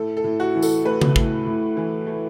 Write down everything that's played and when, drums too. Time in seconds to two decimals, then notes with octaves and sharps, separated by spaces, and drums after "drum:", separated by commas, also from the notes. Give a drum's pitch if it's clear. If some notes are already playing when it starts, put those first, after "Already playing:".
Already playing: A2 A4
0.17 A4
0.24 A2
0.40 F#4
0.55 E3
0.63 A4, drum: tambourine
0.85 A3 B4
1.02 drum: tom C#3
1.16 A2, drum: kick
1.46 A2
1.77 E3
2.07 A3